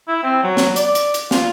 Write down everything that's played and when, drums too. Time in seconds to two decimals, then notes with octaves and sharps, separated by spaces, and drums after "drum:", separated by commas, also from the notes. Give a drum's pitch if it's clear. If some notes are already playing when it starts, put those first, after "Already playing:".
0.08 E4
0.23 C4
0.43 F#3
0.57 drum: snare
0.76 D5, drum: hi-hat
0.95 drum: hi-hat
1.14 drum: hi-hat
1.31 F4, drum: snare